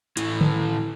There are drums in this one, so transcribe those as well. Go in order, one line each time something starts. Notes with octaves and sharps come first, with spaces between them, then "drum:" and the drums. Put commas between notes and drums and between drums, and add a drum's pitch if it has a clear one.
A2 E3, drum: hi-hat
drum: tom D3